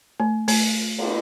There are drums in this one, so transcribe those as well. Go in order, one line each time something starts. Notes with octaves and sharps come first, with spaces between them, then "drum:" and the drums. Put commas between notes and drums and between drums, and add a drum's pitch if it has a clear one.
A3
A3, drum: open hi-hat
drum: cymbal